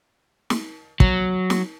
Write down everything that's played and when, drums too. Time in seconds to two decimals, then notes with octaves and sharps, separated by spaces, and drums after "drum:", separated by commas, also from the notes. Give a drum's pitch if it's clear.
0.50 drum: snare
1.00 F#3, drum: kick
1.50 drum: snare